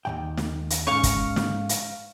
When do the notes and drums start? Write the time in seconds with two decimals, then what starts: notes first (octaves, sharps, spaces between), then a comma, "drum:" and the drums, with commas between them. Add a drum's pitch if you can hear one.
0.05 D#2 C#3 G5
0.37 drum: snare
0.70 drum: hi-hat
0.87 G#2 C#4 F5 C#6
1.03 drum: kick, hi-hat
1.36 drum: snare
1.69 drum: hi-hat